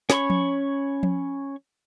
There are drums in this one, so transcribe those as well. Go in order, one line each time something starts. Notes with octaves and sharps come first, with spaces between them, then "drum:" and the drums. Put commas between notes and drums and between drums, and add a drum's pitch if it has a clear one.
C#4 C#5 B5 C#6, drum: snare
drum: tom F3
drum: tom F3